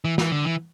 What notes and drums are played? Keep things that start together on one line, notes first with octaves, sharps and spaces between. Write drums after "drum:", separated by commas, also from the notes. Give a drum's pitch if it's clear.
E3
E3, drum: snare
D3
E3